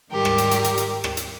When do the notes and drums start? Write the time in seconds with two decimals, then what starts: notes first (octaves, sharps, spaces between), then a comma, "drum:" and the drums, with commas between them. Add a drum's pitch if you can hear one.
0.12 G#2 D#3 G3 G4 A#4
0.25 drum: rim click
0.38 drum: hi-hat
0.51 drum: hi-hat
0.64 drum: hi-hat
0.78 drum: hi-hat
1.04 drum: rim click
1.17 drum: hi-hat